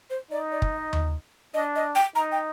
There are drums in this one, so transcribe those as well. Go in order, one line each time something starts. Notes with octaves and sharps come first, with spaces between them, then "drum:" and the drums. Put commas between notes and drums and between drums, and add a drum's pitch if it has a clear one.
C5
D#4 D5
D5
drum: kick
D#5
drum: tom D#2
D4 D#5
D#5
G5
D#4 A#5
G5